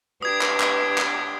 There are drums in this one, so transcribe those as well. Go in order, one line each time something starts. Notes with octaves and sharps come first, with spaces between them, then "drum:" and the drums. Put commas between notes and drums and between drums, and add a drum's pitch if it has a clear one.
D4 G4 B4 D#6 G#6
drum: clap
drum: clap
drum: clap